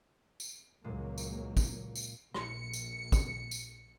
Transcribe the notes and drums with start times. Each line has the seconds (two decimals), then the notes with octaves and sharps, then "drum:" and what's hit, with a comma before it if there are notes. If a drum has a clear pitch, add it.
0.40 drum: tambourine
0.84 C#2 A#2 F#3 G#3 A#3
1.18 drum: tambourine
1.57 drum: kick, tambourine
1.96 drum: tambourine
2.34 A#1 C#7, drum: rim click
2.73 drum: tambourine
3.12 drum: kick, tambourine
3.51 drum: tambourine